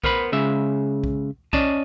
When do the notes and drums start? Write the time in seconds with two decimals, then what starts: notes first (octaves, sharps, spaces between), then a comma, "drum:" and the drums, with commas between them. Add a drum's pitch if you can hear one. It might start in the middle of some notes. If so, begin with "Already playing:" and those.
0.04 B3 A#4 C5 B5, drum: kick B1
0.32 C#3 G#3 E5
1.04 drum: kick B1
1.53 C#4 D5 D#5 A5, drum: kick B1